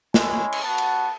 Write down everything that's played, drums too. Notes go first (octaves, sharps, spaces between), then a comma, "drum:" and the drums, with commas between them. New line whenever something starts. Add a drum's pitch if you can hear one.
G#3 C#4 E4 G#5, drum: snare
drum: cymbal
B3 F#4 A5
drum: cymbal